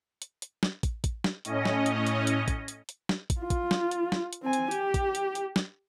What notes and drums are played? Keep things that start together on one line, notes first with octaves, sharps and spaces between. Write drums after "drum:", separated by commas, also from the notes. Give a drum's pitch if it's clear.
drum: hi-hat
drum: hi-hat
drum: snare
drum: kick, hi-hat
drum: kick, hi-hat
drum: snare
A2 C#4 D#5, drum: hi-hat
drum: snare
drum: hi-hat
drum: hi-hat
drum: hi-hat
drum: kick, hi-hat
drum: hi-hat
drum: hi-hat
drum: snare
drum: kick, hi-hat
F4
drum: kick, hi-hat
drum: snare
drum: hi-hat
drum: snare
drum: hi-hat
C4 G#5
drum: hi-hat
G4, drum: hi-hat
drum: kick, hi-hat
drum: hi-hat
drum: hi-hat
drum: snare